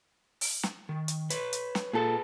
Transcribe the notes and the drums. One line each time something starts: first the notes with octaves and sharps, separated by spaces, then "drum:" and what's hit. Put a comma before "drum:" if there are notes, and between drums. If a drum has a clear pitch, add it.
drum: open hi-hat
drum: snare
D#3
drum: hi-hat
B4 C#5, drum: hi-hat
drum: hi-hat
drum: snare
A#2 G#4 A4 B4 A5